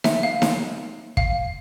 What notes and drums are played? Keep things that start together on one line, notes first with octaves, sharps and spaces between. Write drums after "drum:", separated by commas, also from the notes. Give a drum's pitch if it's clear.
E5, drum: snare D#4
F5
drum: snare D#4
F5, drum: kick